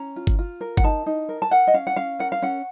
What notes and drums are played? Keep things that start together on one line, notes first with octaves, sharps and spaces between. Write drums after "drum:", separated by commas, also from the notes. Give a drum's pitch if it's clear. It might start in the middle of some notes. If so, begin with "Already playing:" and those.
Already playing: C#4 A#5
F4
drum: kick G1
F4
A#4
F#5, drum: kick G1
D#4 A5
D#4
A#4
A5
A#4 F#5
D#5
C#4 F5
F#5
C#4 F5
A#4 F#5
F5
C#4 F#5